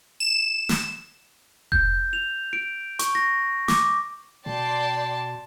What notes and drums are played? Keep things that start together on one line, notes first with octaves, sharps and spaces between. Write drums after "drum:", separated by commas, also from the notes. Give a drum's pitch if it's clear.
E7
drum: snare
G6, drum: kick F1
F7
D7
C#6, drum: hi-hat
A#6
D6, drum: snare
B2 D5 G5 A5 C6